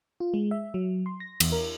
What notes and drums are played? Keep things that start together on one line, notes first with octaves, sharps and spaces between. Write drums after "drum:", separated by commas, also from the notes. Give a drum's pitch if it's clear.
F4
G#3
E5
F#3
C6
A#6
E2, drum: cymbal
A#4